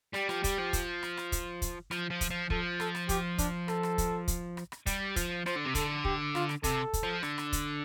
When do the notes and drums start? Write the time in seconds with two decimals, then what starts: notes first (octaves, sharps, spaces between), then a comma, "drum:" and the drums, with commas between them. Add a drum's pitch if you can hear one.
0.14 G3 G4, drum: rim click
0.29 F3, drum: rim click
0.44 G3, drum: kick, hi-hat
0.59 F3
0.73 drum: kick, hi-hat
1.03 drum: rim click
1.17 drum: rim click
1.32 drum: kick, hi-hat
1.62 drum: kick, hi-hat
1.91 F3, drum: rim click
2.10 F3
2.21 drum: kick, hi-hat
2.30 F3
2.50 F3 A4, drum: kick
2.80 A4, drum: rim click
2.95 drum: rim click
3.09 G4, drum: kick, hi-hat
3.38 D4, drum: kick, hi-hat
3.68 A4, drum: rim click
3.83 drum: rim click
3.98 drum: kick, hi-hat
4.28 drum: kick, hi-hat
4.57 drum: rim click
4.72 drum: rim click
4.86 G3, drum: kick, hi-hat
5.16 F3, drum: kick, hi-hat
5.46 F3 C5, drum: rim click
5.56 D3
5.66 C3
5.75 D3 A4, drum: kick, hi-hat
6.05 G4, drum: kick
6.35 F4, drum: rim click
6.49 drum: rim click
6.64 C3 A4, drum: kick, hi-hat
6.93 drum: kick, hi-hat
7.03 F3
7.23 D3, drum: rim click
7.38 drum: rim click
7.53 drum: kick, hi-hat